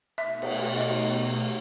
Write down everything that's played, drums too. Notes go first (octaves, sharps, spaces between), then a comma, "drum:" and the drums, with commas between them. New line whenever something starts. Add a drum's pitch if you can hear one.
B2 A3 D#4 F#4 E5
drum: cymbal
D#5